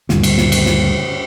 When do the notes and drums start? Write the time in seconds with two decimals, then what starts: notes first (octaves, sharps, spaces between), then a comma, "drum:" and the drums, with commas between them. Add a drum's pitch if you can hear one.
0.09 D2 G2 A#2 C#3, drum: snare
0.23 drum: cymbal
0.38 drum: snare
0.52 drum: cymbal
0.66 drum: snare